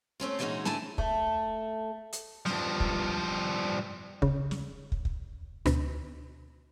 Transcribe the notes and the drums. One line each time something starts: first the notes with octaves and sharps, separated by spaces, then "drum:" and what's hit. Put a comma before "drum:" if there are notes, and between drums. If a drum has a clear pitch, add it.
A3 C4 C#4 F4
A#2 E3 G#3 C#4 D#4 F#4
A2 D3 A3 E4 G#5 A5, drum: snare
A3, drum: kick
drum: hi-hat
G2 F3, drum: snare
drum: kick
C#3, drum: kick
drum: snare
drum: kick
drum: kick
D2 B2, drum: rim click